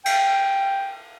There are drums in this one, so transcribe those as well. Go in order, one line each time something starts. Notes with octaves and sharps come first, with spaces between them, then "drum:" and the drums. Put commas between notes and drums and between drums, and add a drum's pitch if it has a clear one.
G5, drum: cymbal